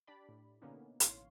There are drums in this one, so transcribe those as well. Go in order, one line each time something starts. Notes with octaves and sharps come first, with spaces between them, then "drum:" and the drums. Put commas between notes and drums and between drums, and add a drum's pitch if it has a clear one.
D4 G4 D5 B5
A2
B2 D3 A#3 B3 C#4 D#4
A1 E3 C#5 F5 C6, drum: hi-hat